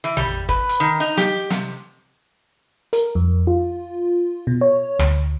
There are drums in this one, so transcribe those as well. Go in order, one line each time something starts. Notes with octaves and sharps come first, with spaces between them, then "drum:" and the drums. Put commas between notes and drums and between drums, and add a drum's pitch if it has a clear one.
E3
G3, drum: tom A1
B4, drum: kick
drum: hi-hat
D#3
D#4
G4, drum: snare
C3, drum: snare
A#4, drum: hi-hat
F2
F4
B2
C#5
D2, drum: rim click